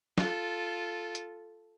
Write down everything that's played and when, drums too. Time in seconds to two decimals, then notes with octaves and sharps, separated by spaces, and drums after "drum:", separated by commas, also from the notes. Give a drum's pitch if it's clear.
0.18 F4 A4, drum: snare
1.15 drum: hi-hat